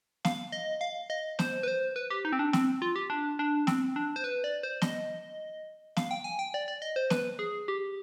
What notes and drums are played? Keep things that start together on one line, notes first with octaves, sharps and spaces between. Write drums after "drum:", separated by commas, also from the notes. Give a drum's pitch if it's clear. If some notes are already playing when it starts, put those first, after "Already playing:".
F5, drum: snare
D#5
F5
D#5
C5, drum: snare
B4
C5
B4
G4
D#4
C4
D4
C4, drum: snare
F4
G4
D4
D4
C4, drum: snare
D4
C5
B4
D5
C5
D#5, drum: snare
F5, drum: snare
G5
G#5
G5
D5
D5
D#5
C5
B4, drum: snare
G#4
G4